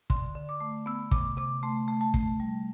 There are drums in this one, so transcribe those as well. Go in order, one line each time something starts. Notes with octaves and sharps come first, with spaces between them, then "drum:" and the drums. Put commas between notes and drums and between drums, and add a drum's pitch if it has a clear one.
D3 C6, drum: kick
D3
D6
A3
B3 E6
C3 D6, drum: kick
C3 D6
A3 C6
A3
A5
A3, drum: kick
G3